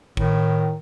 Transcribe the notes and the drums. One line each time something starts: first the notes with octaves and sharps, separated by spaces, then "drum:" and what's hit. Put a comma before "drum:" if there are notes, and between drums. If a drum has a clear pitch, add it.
A2 D#3, drum: kick G#1